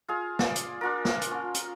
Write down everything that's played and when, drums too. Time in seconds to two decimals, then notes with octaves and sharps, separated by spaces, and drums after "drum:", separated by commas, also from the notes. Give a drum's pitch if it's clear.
0.08 F4 G#4 F5
0.39 F4 D5 G#5, drum: snare
0.56 drum: hi-hat
0.81 D4 F4 A#4
1.05 drum: snare
1.22 drum: hi-hat
1.31 C#4 F4
1.54 drum: hi-hat